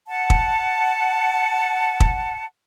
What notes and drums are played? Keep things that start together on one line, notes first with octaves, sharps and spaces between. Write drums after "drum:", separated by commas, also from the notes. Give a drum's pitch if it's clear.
F#5 A5
drum: kick
drum: kick